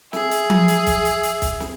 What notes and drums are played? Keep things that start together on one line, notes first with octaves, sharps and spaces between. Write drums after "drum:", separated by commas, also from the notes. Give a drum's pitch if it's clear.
G#4 E5, drum: snare
drum: hi-hat
drum: tom F3
drum: hi-hat
drum: kick, hi-hat
drum: hi-hat
drum: hi-hat
drum: kick, hi-hat
drum: snare